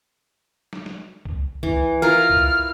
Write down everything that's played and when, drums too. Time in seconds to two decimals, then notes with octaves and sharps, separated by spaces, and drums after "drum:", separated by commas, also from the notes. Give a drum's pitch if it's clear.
0.73 drum: snare
0.86 drum: snare
1.25 drum: kick C2
1.63 E3, drum: kick C2
2.02 E4 F4 A#4 F6
2.30 drum: kick C2